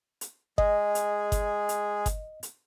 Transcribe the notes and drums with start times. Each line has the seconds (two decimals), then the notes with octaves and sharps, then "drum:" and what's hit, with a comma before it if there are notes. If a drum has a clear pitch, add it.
0.21 drum: hi-hat
0.58 G#3 G#4 D#5, drum: kick G1
0.95 drum: hi-hat
1.32 drum: kick G1, hi-hat
1.69 drum: hi-hat
2.06 drum: kick G1, hi-hat
2.43 drum: hi-hat